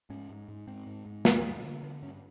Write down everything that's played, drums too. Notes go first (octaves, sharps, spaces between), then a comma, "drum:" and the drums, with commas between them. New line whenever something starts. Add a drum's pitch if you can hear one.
G#2 C#4
G#2
G#2
G#2 C4
G#2
G#2
G2, drum: snare
G2
D3
D3 B3
G2 C#4